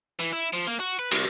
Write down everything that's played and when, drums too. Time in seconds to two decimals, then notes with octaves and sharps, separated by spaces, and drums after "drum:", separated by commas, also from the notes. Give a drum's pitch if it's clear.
0.20 E3
0.33 E4
0.53 F3
0.67 A#3
0.80 F#4
0.99 B4
1.11 C2, drum: cymbal